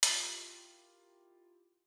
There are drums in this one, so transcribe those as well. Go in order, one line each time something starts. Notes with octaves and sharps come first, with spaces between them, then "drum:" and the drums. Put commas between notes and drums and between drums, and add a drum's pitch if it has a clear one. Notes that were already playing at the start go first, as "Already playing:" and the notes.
E4 F4 G4 A#4, drum: hi-hat